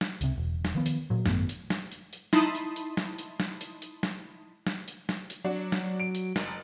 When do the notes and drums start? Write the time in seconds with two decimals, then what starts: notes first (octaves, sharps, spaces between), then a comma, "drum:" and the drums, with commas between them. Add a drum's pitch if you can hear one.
0.01 drum: snare
0.21 C#2 C3, drum: hi-hat
0.38 E1
0.65 drum: snare
0.75 D#3 F3 B3
0.86 drum: hi-hat
1.10 A#2 F#3
1.26 G#1 F#2 A3 B3, drum: snare
1.49 drum: hi-hat
1.70 drum: snare
1.92 drum: hi-hat
2.13 drum: hi-hat
2.33 D#4 E4 A5 B5 C6 D#6, drum: snare
2.55 drum: hi-hat
2.76 drum: hi-hat
2.97 drum: snare
3.18 drum: hi-hat
3.40 drum: snare
3.61 drum: hi-hat
3.82 drum: hi-hat
4.03 drum: snare
4.67 drum: snare
4.88 drum: hi-hat
5.09 drum: snare
5.30 drum: hi-hat
5.45 F#3 D4 F#4
5.72 drum: snare
6.00 D7
6.15 drum: hi-hat
6.36 F#1, drum: snare